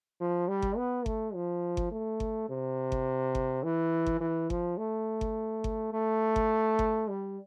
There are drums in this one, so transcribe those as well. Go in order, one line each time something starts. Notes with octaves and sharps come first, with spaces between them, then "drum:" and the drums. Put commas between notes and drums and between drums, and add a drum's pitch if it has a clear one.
F3
G3
drum: kick G1
B3
A3, drum: kick G1
F3
drum: kick G1
A3
drum: kick G1
C3
drum: kick G1
drum: kick G1
E3
drum: kick G1
E3
F3, drum: kick G1
A3
drum: kick G1
drum: kick G1
A3
drum: kick G1
drum: kick G1
G3